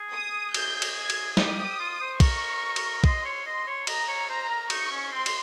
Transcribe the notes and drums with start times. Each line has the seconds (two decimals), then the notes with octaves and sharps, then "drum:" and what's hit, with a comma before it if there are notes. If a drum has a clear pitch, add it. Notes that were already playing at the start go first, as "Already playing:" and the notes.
Already playing: G#4
0.13 D#6
0.54 G6, drum: cymbal
0.82 drum: cymbal
0.96 G#6
1.10 drum: cymbal
1.37 G4 D#6, drum: snare
1.58 G4
1.79 F4
2.00 C5
2.20 A#4 C#6, drum: kick, cymbal
2.76 drum: cymbal
3.04 D#5 C6, drum: kick
3.25 C#5
3.46 D#5 C6
3.67 C#5
3.87 D#5 A#5, drum: cymbal
4.08 C#5
4.28 C5 A#5
4.49 A#4
4.70 D#4 C#6, drum: cymbal
4.91 C#4
5.12 C4 C6
5.26 drum: cymbal